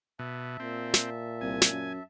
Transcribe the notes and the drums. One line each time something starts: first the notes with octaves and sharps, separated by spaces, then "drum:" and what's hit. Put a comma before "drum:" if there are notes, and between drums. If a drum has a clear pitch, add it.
B2 E5 A5
A#2 C4
drum: snare
C2 G#5
drum: snare
F#2